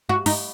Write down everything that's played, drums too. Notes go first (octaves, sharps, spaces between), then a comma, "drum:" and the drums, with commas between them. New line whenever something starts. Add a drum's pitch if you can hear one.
F#4
D#4, drum: open hi-hat